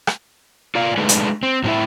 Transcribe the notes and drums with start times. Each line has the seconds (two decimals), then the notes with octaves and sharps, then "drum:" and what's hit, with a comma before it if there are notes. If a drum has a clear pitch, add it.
0.07 drum: rim click
0.75 F4 D5 F5
0.98 G#3 A3 D4 D#4 G#4 B4
1.09 drum: hi-hat
1.43 C4
1.64 A2 F3 C4 E4 E5